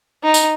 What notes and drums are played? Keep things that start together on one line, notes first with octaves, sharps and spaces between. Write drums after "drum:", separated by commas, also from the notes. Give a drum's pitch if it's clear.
D#4
drum: tambourine